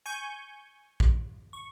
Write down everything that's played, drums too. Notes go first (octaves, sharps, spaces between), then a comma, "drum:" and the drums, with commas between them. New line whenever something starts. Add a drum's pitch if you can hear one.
G#5 C#6 G6
drum: kick
C#6